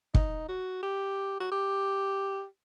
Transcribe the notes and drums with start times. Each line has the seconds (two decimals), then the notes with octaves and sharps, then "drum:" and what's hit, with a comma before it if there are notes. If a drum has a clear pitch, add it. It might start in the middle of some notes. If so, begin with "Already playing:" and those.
0.15 D#4, drum: kick
0.49 F#4
0.83 G4
1.40 F#4
1.52 G4